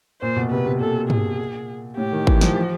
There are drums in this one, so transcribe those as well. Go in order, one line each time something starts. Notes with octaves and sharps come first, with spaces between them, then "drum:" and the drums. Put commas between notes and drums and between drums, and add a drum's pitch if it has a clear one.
A#2 C5
B2
C3 B4
C3
A#2 A4
G#4, drum: tom
A2 G4
D#3
E3, drum: kick G#1
F3, drum: snare
F3